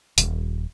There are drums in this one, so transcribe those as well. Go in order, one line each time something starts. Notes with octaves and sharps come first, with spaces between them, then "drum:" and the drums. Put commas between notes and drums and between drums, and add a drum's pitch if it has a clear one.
D#1, drum: hi-hat